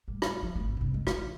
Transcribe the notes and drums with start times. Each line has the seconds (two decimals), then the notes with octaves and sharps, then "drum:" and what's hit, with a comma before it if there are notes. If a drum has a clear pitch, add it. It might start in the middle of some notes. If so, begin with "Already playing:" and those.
0.08 A2 G3
0.22 drum: rim click
0.43 F3
0.55 G#1 A3
0.77 G2 C3
0.94 G#3 B3
1.07 A1 E3, drum: rim click